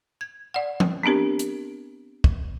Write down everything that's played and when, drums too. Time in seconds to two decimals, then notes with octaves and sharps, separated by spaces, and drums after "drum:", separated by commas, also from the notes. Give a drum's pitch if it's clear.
0.21 G#6
0.54 D5 F#5
0.80 drum: tom F3
1.03 B3 C4 D4 G4 A#4
1.39 drum: hi-hat
2.24 drum: kick